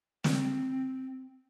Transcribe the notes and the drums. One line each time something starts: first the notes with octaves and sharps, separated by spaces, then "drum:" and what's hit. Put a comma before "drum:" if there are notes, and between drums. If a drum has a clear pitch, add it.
C4, drum: snare